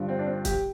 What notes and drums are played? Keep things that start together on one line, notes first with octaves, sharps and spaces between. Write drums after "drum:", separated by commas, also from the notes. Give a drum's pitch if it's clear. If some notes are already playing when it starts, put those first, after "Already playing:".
Already playing: G2 D3 F3
C4
D4
C4
G4, drum: kick, hi-hat